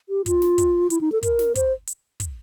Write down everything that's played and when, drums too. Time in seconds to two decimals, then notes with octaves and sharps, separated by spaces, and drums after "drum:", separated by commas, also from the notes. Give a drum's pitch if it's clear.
0.09 G4
0.26 F4, drum: kick, hi-hat
0.42 drum: snare
0.58 drum: kick, hi-hat
0.90 E4, drum: hi-hat
1.01 D#4
1.12 A4
1.23 A#4, drum: kick, hi-hat
1.39 drum: snare
1.55 C5, drum: kick, hi-hat
1.87 drum: hi-hat
2.20 drum: kick, hi-hat